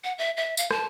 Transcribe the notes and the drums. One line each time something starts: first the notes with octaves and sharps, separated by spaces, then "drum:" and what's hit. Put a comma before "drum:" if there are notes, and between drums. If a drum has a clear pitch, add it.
F#5
E5
E5
F5, drum: tambourine
A5, drum: rim click